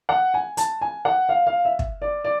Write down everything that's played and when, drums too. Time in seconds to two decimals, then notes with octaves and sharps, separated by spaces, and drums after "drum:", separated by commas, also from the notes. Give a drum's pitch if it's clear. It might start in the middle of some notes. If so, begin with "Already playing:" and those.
0.09 F#5
0.34 G#5
0.57 A5, drum: hi-hat
0.81 G#5
1.05 F#5
1.29 F5
1.47 F5
1.65 E5
1.79 drum: kick
2.02 D5
2.24 D5